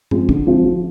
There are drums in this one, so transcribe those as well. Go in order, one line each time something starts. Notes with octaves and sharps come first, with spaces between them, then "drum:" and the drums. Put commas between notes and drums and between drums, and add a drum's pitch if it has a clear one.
F3 G#3 C4, drum: tom G2
D3, drum: kick
F3 G#3 C4
F3